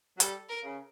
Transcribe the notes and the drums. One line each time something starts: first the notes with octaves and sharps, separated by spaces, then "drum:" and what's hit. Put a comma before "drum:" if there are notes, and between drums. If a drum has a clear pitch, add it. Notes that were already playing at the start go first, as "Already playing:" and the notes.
F#3
G3 A4, drum: hi-hat
A#4
C#3